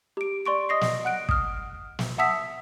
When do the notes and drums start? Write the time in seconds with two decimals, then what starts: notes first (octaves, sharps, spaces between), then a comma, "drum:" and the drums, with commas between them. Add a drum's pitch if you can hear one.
0.17 G4 D7
0.46 D5 C6 C#6 D7
0.69 D#5 D#6 A#6 C7
0.81 drum: snare
1.05 F#5 F#6 D7
1.29 D#6 F6, drum: kick
1.99 drum: snare
2.18 E5 F#5 A5 D#6 E6 B6